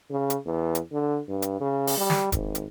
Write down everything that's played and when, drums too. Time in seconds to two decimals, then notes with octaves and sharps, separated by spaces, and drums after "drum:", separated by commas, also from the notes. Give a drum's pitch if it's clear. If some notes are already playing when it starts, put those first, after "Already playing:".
0.11 C#3
0.30 drum: hi-hat
0.46 E2
0.75 drum: hi-hat
0.92 D3
1.28 G2
1.42 drum: hi-hat
1.60 C#3
1.87 drum: open hi-hat
1.97 G3
2.10 drum: snare
2.32 G#1, drum: kick E1, hi-hat
2.55 drum: hi-hat